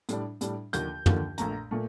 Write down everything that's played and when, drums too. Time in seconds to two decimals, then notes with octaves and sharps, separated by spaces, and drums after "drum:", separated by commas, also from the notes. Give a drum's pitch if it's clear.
0.09 A2 G3 D4, drum: hi-hat
0.41 A2 G3 D4, drum: hi-hat
0.73 D#2 D3 F3 A#3 G6, drum: hi-hat
1.06 D#2 D3 F3 A#3, drum: tom
1.38 A#1 A#2 A3 A#5, drum: hi-hat
1.71 A#2 A3